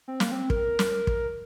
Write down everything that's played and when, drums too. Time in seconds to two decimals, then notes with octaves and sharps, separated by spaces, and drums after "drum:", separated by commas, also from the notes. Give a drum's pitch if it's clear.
0.08 C4
0.20 A#3, drum: snare
0.32 C4
0.50 A#4, drum: kick
0.79 drum: snare
1.07 drum: kick